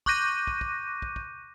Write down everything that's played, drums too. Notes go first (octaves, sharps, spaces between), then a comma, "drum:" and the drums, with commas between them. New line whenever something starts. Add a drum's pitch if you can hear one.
C#6 D6 F#6 G6 A#6 D#7, drum: kick
drum: kick
drum: kick
drum: kick
drum: kick